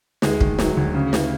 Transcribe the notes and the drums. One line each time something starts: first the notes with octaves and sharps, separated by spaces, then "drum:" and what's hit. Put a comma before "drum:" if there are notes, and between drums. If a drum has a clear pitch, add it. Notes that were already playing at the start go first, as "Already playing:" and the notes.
D2 G#3, drum: snare
D#3, drum: kick
F#3, drum: snare
D2
C#3
C#3, drum: snare